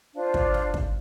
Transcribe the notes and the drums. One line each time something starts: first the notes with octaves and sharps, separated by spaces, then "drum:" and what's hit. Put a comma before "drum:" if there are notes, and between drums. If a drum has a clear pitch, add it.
D4 F4 C5 F5
drum: kick
drum: snare
drum: kick